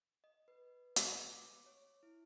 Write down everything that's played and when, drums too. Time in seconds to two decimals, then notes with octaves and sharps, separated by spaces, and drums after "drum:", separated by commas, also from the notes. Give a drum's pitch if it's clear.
0.24 D#5
0.48 B4
0.96 drum: hi-hat
1.32 D6
1.66 C#5
2.03 E4